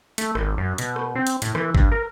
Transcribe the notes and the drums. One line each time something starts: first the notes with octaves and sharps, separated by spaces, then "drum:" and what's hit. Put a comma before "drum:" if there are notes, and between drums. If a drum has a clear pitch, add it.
A3, drum: hi-hat
G#1, drum: rim click
F#2
B2, drum: hi-hat
drum: rim click
C4
drum: hi-hat
A2, drum: hi-hat
E3, drum: rim click
G2, drum: kick G#1
A#4